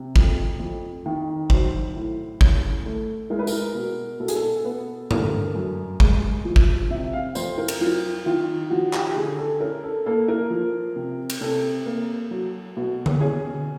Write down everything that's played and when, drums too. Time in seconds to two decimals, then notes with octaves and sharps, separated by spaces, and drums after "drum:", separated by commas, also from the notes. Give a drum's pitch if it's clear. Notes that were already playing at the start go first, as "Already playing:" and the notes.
Already playing: C3
0.16 F2, drum: kick
0.59 F2
1.06 D#3
1.50 F#3 C5, drum: kick
1.95 A2
2.41 C#4, drum: kick
2.86 A3
3.30 G#3 A#4
3.39 B4
3.47 A#4, drum: tambourine
3.75 B2
4.20 B2 A4
4.28 G#4, drum: hi-hat
4.36 A4
4.65 B3
5.11 D3 A#4, drum: tom G2
5.55 F#2
6.00 G#3, drum: kick
6.45 F3
6.56 drum: kick
6.90 C3 E5
7.13 F5
7.35 F2 C5, drum: tambourine
7.58 A#4
7.68 drum: cymbal
7.81 F#3 F4
8.26 D#3 F4
8.70 F3 F#4
8.93 G4, drum: clap
9.16 D3 G#4
9.38 A4
9.60 C#4 A#4
9.83 A4
10.06 A#3 A4
10.28 A#4
10.50 F3
10.96 C3
11.30 drum: cymbal
11.41 C3 A4
11.86 A#3
12.31 F#3
12.77 B2
13.06 drum: tom D3
13.20 C#4 G#4